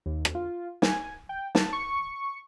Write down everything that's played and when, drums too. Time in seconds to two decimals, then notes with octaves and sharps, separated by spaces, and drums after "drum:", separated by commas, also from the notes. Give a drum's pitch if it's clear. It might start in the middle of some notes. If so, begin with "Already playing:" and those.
0.06 D#2
0.25 drum: rim click
0.35 F4
0.82 G#5, drum: snare
1.29 G5
1.55 A5, drum: snare
1.73 C#6